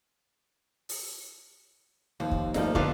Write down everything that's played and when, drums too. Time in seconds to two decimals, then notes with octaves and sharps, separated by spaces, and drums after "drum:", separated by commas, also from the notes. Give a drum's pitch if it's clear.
0.89 drum: open hi-hat
2.20 D#2 F3
2.31 drum: kick
2.54 D2 G2 F3 A#3 D#4, drum: snare
2.75 D3 B3 F4, drum: kick